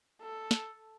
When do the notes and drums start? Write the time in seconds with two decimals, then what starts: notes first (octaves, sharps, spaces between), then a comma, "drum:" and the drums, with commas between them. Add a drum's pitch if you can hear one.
0.21 A4
0.51 drum: snare